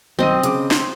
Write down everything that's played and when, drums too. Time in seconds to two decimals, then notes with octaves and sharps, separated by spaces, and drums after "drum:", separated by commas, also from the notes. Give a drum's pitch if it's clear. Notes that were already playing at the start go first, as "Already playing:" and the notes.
0.19 B1 D#3 C4 D#5 D#7
0.43 C#3 D6, drum: hi-hat
0.71 C6, drum: snare